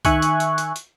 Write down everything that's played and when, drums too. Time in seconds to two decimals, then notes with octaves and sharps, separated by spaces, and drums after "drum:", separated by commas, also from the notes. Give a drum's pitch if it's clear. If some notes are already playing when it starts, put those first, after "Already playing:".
0.05 D#3 E5 G#5 C#6 F#6, drum: kick C2, hi-hat
0.22 drum: hi-hat
0.40 drum: hi-hat
0.58 drum: hi-hat
0.76 drum: hi-hat